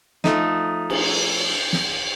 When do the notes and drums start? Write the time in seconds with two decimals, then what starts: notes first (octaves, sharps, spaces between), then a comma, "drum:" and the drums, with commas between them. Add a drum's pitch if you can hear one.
0.24 F3 A3 D#4, drum: snare
0.90 drum: cymbal
1.73 drum: snare